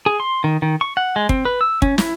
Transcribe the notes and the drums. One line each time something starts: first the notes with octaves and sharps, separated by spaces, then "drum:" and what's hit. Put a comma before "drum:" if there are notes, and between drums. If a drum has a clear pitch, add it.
G#4
C6
D#3
D#3
C#6
F#5
G#3
C4, drum: kick
B4
E6
C#4, drum: kick
E4, drum: snare